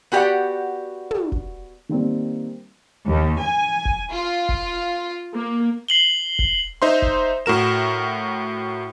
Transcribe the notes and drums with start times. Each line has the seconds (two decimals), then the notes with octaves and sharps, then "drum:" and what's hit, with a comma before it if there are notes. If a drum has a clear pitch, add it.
0.12 B3 F#4 G4 C#5 D5 F#5
1.11 drum: tom
1.32 drum: kick
1.89 D#3 G3 A#3 C4
3.07 D#2
3.40 G#5
3.85 drum: kick
4.11 F4
4.49 drum: kick
5.33 A#3
5.88 C7 F#7 G7
6.39 drum: kick
6.82 D#4 C5 E5 C6
7.02 drum: kick
7.46 A2 F#4 A#4 E7